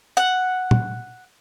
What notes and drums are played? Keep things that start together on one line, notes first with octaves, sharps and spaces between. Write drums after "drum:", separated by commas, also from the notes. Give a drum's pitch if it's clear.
F#5
drum: tom